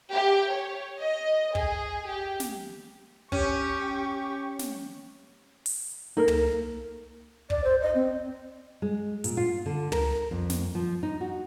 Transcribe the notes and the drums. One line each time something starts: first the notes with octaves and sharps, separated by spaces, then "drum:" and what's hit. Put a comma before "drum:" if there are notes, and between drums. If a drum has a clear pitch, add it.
G4
C#5
D#5
G#4, drum: kick
G4
drum: snare
C#4 G4 C#6, drum: kick
drum: snare
drum: open hi-hat
A#3 D#4 A4 A#4
drum: tom
D5, drum: kick
C5
D#5
C4
G#3
A#2, drum: hi-hat
F4
D3
A#4, drum: tom
F2
drum: snare
F3
D#4
F#4